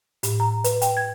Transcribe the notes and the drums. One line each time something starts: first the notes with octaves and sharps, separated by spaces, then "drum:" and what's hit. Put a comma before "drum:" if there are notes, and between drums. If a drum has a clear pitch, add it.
A2, drum: hi-hat
A#5
B4, drum: hi-hat
G5, drum: hi-hat
G#6